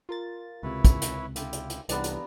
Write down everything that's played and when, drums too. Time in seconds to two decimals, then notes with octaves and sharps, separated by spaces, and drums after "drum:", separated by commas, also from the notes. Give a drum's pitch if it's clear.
0.09 F4 A#4 A6
0.63 C#2 C3 E4 B4 C#5
0.85 drum: kick, hi-hat
1.02 drum: hi-hat
1.36 E4 F4 G4, drum: hi-hat
1.53 drum: hi-hat
1.70 drum: hi-hat
1.89 C2 E3 B3 D4 F4 G4 A#5, drum: hi-hat
2.04 drum: hi-hat